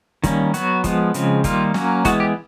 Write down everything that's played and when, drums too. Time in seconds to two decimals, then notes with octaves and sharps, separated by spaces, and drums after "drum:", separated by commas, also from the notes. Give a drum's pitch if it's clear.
0.24 D#3 G3 A#3 C#4, drum: kick, hi-hat
0.54 F#3 B3 F#4, drum: hi-hat
0.84 F3 G#3 B3, drum: kick, hi-hat
1.14 C#3 F3 G#3 C4, drum: hi-hat
1.44 D#3 G3 A#3 F4, drum: kick, hi-hat
1.74 F#3 A#3 C#4, drum: snare
2.05 E3 G#3 B3 F#4, drum: kick, hi-hat
2.20 G4